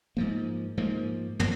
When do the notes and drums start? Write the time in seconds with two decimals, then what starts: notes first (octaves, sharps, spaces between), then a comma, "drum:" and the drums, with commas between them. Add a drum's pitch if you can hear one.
0.17 G#2 F3 A#3
0.78 G#2 F3 A#3
1.39 F3 A#3, drum: tom